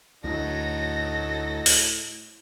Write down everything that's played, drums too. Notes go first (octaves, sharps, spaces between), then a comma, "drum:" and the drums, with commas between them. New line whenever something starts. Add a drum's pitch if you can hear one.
D2 A2 F#3 D#4 A4 A#6
drum: open hi-hat